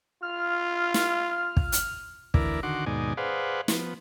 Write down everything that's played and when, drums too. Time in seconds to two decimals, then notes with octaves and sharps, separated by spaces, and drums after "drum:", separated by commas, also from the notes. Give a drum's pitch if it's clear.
0.22 F4 F6
0.94 drum: snare
1.57 drum: kick
1.72 drum: hi-hat
2.34 D2 E3 E4 A#4 D5, drum: kick
2.63 D3 D#3 F#4 F#5 C6 D6
2.86 D#2 G#2 B2 D#4 D5 G#5
3.17 G#4 B4 C5 D5 F5 F#5
3.68 F3 B3, drum: snare